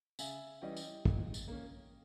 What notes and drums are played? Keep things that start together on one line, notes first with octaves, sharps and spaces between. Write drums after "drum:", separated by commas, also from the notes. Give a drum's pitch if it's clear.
C#3 E5 G#5, drum: tambourine
E3 G3 C#4 D#5 G5
drum: tambourine
A#2, drum: kick
drum: tambourine
A#3 C#4